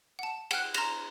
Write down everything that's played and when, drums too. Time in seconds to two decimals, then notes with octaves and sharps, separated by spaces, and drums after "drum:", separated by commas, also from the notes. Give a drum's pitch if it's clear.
0.19 F#5 A5
0.51 F#5 G5 F6 F#6, drum: cymbal
0.74 A#5 C6 F6 A#6 E7 F7, drum: cymbal